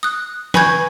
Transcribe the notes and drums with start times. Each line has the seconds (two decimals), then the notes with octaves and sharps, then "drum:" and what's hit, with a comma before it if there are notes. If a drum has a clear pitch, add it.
0.03 D#6 F#6
0.54 B4 G#5 B5 C#6 G6 G#6, drum: snare